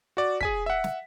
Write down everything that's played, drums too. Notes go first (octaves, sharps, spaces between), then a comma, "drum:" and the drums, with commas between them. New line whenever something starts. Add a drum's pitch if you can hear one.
F#4 D5
G#4 G#5 B6, drum: kick
E5 F#5
drum: snare